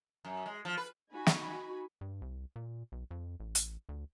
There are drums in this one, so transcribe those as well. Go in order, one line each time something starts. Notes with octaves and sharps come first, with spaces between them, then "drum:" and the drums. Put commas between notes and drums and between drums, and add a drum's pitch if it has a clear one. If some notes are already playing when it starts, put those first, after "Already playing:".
F#2
G#3
F3
B4
D#4 F#4 G#5 B5
drum: snare
G2
C2
A#2
B1
F2
A1
drum: hi-hat
D2